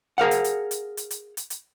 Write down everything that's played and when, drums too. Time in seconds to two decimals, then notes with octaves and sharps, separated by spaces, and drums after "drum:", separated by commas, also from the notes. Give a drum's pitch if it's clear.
0.18 G#4 A#4 F5 F#5
0.31 drum: hi-hat
0.44 drum: hi-hat
0.71 drum: hi-hat
0.97 drum: hi-hat
1.11 drum: hi-hat
1.37 drum: hi-hat
1.50 drum: hi-hat